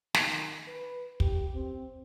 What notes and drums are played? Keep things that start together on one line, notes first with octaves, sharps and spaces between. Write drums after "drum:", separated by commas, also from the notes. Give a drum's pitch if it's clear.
D#3, drum: snare
B4
G4, drum: kick
C4